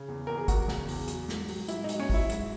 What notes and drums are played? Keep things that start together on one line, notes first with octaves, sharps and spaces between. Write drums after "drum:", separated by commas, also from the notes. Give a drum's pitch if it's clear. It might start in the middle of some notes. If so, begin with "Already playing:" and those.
Already playing: C#3
E2
E2 A#4
G#4
E2 F#4, drum: kick, hi-hat
C#3, drum: snare
E2, drum: open hi-hat
F#3, drum: hi-hat
G#2, drum: snare
F#3, drum: open hi-hat
G#2 E4, drum: hi-hat
D#4
F#3, drum: hi-hat
C#4
F#3 E4, drum: kick, open hi-hat
G#2, drum: hi-hat